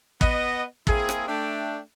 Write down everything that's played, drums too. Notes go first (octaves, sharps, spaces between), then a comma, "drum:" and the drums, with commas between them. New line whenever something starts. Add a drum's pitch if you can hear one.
B3 D#5, drum: kick
A#3 C4 E4 G#4, drum: kick
drum: rim click
A3 D4 G5